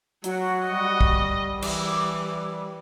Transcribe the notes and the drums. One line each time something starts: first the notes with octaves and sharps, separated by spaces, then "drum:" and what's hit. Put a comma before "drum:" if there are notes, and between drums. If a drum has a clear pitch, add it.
F#3 F#4, drum: hi-hat
G3 D#5
drum: kick
E3 D6, drum: cymbal